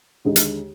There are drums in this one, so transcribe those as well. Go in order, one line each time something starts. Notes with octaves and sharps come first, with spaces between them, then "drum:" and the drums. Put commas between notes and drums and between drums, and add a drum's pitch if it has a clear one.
D#2 D3 G#3 D#4 G#4
drum: hi-hat